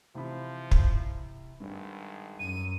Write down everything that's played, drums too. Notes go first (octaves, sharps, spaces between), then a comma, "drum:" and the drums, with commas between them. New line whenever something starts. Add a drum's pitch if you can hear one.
C3 E3 F3 B5
drum: kick
G#1 G2
F#2 D#7